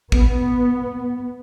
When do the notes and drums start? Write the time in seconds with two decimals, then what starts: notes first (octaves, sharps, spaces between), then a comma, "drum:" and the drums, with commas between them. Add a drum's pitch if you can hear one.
0.12 B3, drum: kick A1